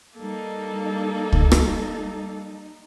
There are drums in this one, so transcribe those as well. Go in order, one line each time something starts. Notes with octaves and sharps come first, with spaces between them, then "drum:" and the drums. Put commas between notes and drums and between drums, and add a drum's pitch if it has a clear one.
G3 A#3 D#4 A4
drum: kick
drum: rim click